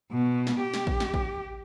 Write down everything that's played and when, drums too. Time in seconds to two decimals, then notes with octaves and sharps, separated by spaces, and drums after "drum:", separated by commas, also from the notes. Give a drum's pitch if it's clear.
0.12 B2
0.47 drum: snare
0.60 G4
0.74 drum: snare
0.87 drum: kick
1.00 drum: snare
1.14 drum: kick